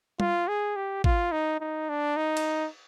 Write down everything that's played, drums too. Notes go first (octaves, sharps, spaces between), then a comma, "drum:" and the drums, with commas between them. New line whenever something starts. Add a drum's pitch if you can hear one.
F4, drum: tom G3
G#4
G4
F4, drum: kick
D#4
D#4
D4
D#4
drum: cymbal